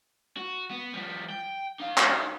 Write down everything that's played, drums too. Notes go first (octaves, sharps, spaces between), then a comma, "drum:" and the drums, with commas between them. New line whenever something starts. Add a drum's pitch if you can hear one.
F#4
B3
F3 G3
G5
D#4 F5
drum: clap